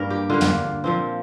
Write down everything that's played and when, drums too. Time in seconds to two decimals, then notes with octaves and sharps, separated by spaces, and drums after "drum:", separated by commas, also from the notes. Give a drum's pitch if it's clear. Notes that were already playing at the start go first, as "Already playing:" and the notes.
Already playing: G2 G3 A#3 A#4
0.10 G4
0.30 D3 A#3 F4
0.41 drum: tom
0.84 A#2 F3 C4